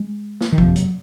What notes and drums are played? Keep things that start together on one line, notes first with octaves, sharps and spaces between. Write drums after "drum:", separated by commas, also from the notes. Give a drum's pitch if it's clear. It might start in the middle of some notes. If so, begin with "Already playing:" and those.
Already playing: G#3
drum: snare
D#3
F#1 F2 C3 F3, drum: kick
F#3, drum: hi-hat